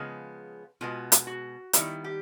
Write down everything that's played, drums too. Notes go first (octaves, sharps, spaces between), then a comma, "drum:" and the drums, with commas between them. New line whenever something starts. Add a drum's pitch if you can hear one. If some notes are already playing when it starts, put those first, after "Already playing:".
Already playing: C#3 F3 G#3 B3
B2 G#3 B3 F4
drum: hi-hat
F#4
D#3 G3 B3 E4, drum: hi-hat
G4